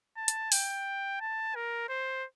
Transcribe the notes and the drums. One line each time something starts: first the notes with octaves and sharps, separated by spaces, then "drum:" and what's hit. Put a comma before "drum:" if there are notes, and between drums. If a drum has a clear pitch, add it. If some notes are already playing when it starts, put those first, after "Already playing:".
A5
drum: hi-hat
G5, drum: open hi-hat
A5
A#4
C5